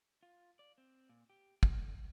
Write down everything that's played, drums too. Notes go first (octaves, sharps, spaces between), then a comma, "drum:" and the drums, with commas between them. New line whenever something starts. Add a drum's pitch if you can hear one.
F4
D5
C4
A#2
G4
D3, drum: kick